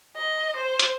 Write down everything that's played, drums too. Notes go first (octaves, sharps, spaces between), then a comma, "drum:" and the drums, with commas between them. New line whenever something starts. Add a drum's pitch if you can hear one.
D#5
C5
drum: hi-hat